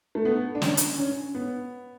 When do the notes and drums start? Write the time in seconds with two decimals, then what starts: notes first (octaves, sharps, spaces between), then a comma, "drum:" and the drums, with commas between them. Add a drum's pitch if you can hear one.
0.15 A3
0.25 B3
0.55 D4
0.62 C#4, drum: snare
0.77 drum: hi-hat
0.98 C#4
1.35 B3